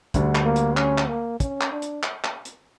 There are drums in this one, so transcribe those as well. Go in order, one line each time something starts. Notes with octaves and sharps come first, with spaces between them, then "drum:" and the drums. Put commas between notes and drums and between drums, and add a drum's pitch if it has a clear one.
D2 D3 G3, drum: kick, hi-hat
drum: clap
A#3
drum: hi-hat
C#4, drum: clap
drum: clap
A#3
C#4, drum: kick, hi-hat
drum: clap
D4
drum: hi-hat
drum: clap
drum: clap
drum: hi-hat